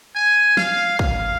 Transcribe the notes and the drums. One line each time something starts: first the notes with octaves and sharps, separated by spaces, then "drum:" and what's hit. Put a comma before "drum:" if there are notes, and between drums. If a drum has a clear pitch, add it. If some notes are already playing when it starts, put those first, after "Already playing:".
G#5
F5, drum: snare
F5, drum: kick